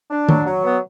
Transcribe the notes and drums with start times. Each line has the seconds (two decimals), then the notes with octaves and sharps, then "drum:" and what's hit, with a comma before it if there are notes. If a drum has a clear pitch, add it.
0.11 D4
0.29 F#3, drum: tom D#3
0.46 F#3
0.63 B3